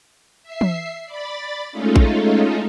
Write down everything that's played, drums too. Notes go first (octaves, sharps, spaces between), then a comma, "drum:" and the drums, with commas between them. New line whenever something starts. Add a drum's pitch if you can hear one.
E5 C7
drum: tom E3
D5 B5 A6
G#3 A3 C#4 D#4 F4 A4
drum: kick A#1